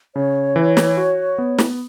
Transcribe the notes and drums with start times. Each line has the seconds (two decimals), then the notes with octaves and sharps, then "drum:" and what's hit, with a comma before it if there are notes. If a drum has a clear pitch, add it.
0.15 C#3 C#5
0.56 E3
0.77 drum: snare
0.97 F#4
1.38 B3
1.58 drum: snare